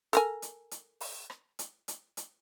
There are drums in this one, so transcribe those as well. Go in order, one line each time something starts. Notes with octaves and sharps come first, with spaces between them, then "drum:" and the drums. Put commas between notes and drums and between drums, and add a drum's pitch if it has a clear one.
A4 A#4 G#5, drum: hi-hat
drum: hi-hat
drum: hi-hat
drum: open hi-hat
drum: rim click
drum: hi-hat
drum: hi-hat
drum: hi-hat